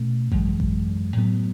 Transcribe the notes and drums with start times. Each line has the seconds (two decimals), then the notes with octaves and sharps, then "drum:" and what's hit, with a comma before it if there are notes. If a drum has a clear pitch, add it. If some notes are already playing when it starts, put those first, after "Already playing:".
Already playing: B2 A3 C#4
0.32 F#2 E3 G#3, drum: kick A1
0.60 drum: kick A1
1.17 A2 F#3 B3